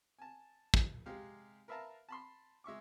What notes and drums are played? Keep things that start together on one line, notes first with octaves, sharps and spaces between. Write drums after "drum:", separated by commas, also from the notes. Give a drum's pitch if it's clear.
G#5 A5
drum: kick
C3 G#3 G4 F5
A#4 B4 E5 F5 A5 A#5
A5 B5 C6
G#3 E5 C#6 D6